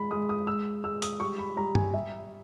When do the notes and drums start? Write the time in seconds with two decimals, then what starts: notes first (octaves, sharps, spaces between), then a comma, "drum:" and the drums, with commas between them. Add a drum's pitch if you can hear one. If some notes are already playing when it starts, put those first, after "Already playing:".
Already playing: G#3 B5
0.11 G#3 D#6
0.29 D#6
0.47 G#3 E6
0.84 G#3 E6
1.02 D#6, drum: hi-hat
1.20 G3 C#6
1.38 B5
1.57 G3 A#5
1.75 G#5, drum: tom G2
1.93 G3 E5